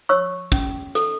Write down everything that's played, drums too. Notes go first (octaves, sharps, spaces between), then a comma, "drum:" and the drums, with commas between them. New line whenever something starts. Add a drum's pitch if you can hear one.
C#5 C#6 E6
C#4, drum: kick, hi-hat
A4, drum: hi-hat